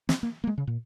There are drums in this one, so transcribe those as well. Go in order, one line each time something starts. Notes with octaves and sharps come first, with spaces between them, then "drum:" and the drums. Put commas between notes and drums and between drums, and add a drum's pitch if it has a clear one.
C4, drum: snare
A#3
A#3
G#3
C#3
A#2